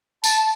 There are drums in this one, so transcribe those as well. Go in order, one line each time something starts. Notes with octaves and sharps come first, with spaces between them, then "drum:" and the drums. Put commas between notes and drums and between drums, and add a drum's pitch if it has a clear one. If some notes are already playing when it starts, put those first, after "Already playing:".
A5, drum: tambourine